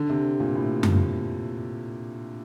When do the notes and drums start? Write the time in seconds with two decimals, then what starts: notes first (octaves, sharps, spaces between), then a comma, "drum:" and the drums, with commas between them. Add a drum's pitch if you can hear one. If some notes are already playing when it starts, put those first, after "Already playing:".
Already playing: D3
0.10 C3
0.40 A#2
0.56 A2
0.83 drum: tom F#2